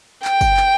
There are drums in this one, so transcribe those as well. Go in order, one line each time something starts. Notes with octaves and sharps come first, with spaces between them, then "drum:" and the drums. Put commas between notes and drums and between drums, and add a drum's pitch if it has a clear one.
G5, drum: clap
drum: kick, tambourine
drum: clap